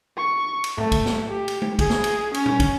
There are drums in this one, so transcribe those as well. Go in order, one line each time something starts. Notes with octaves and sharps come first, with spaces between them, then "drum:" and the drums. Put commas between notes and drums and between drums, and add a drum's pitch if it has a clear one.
C#6
drum: cymbal
A3, drum: tom G#2
drum: kick, cymbal
drum: snare
G4
drum: cymbal
drum: tom G#3
G#4, drum: kick, cymbal
drum: snare
drum: cymbal
C#4, drum: cymbal
drum: tom
drum: kick, cymbal